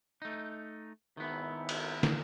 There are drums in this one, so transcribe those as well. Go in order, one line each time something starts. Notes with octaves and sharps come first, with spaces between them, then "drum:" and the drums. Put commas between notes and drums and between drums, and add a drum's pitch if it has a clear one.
A3 D#4
G#1 D#3 B3 E4
drum: cymbal
drum: snare